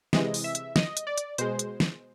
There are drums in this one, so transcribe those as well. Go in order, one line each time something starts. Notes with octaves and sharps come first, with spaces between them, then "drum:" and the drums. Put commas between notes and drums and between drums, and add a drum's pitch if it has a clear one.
C3 E3 G#3 D#5, drum: snare
drum: open hi-hat
E5
drum: hi-hat
D#5, drum: snare
drum: hi-hat
D5
drum: hi-hat
B2 G#3 C5, drum: hi-hat
drum: hi-hat
drum: snare